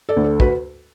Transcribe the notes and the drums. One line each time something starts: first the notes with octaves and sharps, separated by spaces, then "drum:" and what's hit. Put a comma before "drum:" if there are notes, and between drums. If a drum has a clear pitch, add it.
A4 D5
D2
A4
F#4 B4, drum: kick